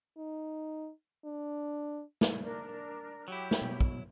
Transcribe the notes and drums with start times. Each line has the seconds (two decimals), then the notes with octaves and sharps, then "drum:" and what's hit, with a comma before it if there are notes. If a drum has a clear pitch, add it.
0.17 D#4
1.25 D4
2.21 drum: snare
2.43 D4 A#4
3.28 F#3 E4 G4
3.51 drum: snare
3.62 B2
3.81 drum: kick